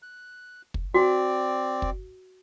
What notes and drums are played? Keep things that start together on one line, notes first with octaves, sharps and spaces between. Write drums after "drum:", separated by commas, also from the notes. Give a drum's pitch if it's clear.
F#6
drum: kick
C4 F#4 D5
drum: kick